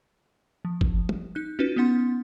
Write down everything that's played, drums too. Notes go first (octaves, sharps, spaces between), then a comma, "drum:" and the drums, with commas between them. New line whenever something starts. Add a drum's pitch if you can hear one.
F3
drum: kick
drum: tom
D#4 F#6
C#4 D#4 F4 F#4 B4
B3 C#4 D#4 F#5 C6